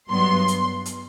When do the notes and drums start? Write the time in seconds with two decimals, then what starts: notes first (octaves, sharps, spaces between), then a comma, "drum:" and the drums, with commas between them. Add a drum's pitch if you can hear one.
0.10 G2 F#3 B3 C6
0.48 drum: hi-hat
0.86 drum: hi-hat